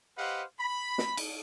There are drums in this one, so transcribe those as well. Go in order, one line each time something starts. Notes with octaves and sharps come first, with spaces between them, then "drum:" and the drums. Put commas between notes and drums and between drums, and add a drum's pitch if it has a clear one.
G4 B4 C5 D#5 F5 F#5
B5
drum: snare
drum: cymbal